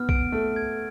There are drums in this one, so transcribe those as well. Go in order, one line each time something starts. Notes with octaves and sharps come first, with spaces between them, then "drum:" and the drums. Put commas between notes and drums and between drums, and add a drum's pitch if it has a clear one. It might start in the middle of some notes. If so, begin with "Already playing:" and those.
Already playing: B3 F6
D7, drum: kick B1
A3 F6
G#6